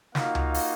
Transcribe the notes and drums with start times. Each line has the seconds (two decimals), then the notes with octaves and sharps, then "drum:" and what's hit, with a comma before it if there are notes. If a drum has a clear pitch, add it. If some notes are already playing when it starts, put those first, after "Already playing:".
0.15 A#3 D#4 F4 F#4 F5, drum: snare
0.35 drum: tom C#2
0.54 drum: open hi-hat